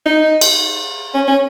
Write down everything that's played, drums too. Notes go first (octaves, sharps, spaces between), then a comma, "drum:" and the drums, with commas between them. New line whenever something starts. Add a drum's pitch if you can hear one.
D#4
drum: cymbal
C#4
C#4